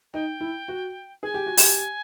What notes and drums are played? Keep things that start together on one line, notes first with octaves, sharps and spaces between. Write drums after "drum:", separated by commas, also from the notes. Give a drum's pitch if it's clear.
D#4 G5
E4
F#4
G#4 G#5
G4
F#4
G4, drum: open hi-hat